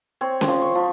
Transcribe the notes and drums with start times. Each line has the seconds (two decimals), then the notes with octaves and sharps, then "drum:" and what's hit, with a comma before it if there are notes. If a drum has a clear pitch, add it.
0.21 C4 C#5
0.41 C6, drum: snare C#4
0.48 F3
0.62 C#6
0.75 F3